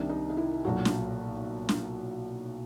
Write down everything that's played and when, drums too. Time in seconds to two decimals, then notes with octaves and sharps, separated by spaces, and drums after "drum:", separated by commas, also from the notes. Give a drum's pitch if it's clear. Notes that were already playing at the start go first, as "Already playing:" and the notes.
Already playing: C2 C3 D#3 D4
0.09 D#4
0.30 D#4
0.37 E4
0.64 B1 A#2 F#3 F#4
0.85 drum: snare
1.69 drum: snare